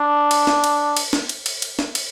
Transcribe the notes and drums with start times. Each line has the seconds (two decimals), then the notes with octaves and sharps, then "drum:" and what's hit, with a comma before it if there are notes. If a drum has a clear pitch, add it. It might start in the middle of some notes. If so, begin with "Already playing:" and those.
Already playing: D4
0.31 drum: cymbal
0.47 drum: snare
0.64 drum: cymbal
0.97 drum: cymbal
1.13 drum: snare
1.29 drum: cymbal
1.46 drum: cymbal
1.62 drum: cymbal
1.79 drum: snare
1.95 drum: cymbal